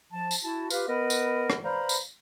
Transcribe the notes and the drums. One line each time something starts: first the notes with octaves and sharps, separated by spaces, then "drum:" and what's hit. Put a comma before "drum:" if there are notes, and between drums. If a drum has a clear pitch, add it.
F3 A5
drum: tambourine
E4 F#4 A5
F4 G4 B4 F5, drum: tambourine
B3 A#4 B4 D#5 F#5 B5
drum: tambourine
drum: rim click
B4 C5 D5 F5 A#5 B5
drum: tambourine